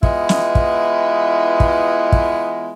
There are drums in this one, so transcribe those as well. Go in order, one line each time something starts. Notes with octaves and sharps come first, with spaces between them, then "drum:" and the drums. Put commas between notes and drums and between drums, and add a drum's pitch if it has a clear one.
E3 G#3 B3 E4 F4 D#5, drum: kick
drum: snare
drum: kick
drum: kick
drum: kick